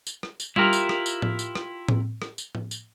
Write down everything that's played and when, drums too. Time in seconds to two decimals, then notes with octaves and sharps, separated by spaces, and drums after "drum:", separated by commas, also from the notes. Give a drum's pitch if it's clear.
0.07 drum: tambourine
0.23 drum: rim click
0.40 drum: tambourine
0.56 E4 F4 G4 A#4, drum: tom G3
0.73 drum: tambourine
0.89 drum: rim click
1.06 drum: tambourine
1.22 drum: tom A2
1.39 drum: tambourine
1.55 drum: rim click
1.88 drum: tom A2
2.22 drum: rim click
2.38 drum: tambourine
2.55 drum: tom A2
2.71 drum: tambourine